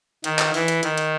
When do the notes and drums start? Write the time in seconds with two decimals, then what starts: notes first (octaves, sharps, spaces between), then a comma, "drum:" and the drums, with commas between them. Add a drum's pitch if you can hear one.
0.24 D#3, drum: hi-hat
0.39 drum: clap
0.54 E3, drum: open hi-hat
0.68 drum: hi-hat
0.83 D#3, drum: hi-hat
0.98 drum: hi-hat